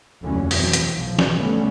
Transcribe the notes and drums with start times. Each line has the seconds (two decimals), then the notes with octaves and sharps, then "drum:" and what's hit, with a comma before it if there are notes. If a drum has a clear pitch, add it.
0.22 F1 D#2 D3 E3 F#3 C#4
0.51 D2 B2 E3 F#3 C4, drum: open hi-hat
0.73 drum: hi-hat
0.92 B1 F3
1.19 drum: snare
1.37 D3 G3 A3 B3 C#4